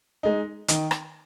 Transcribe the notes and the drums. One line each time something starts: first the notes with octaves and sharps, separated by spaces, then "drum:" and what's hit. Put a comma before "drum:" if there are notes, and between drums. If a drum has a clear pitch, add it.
G#3 D#4
D#3, drum: hi-hat
drum: rim click